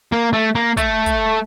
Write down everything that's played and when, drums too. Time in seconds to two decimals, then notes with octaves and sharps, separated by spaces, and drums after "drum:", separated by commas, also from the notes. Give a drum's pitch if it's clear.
0.12 A#3
0.33 A3
0.55 A#3
0.77 A3, drum: kick, hi-hat
1.06 drum: kick, hi-hat